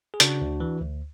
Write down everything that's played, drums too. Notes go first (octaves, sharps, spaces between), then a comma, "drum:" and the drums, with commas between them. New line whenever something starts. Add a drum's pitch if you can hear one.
G#4
C#3 D4 F#4, drum: hi-hat
D2
E3
D2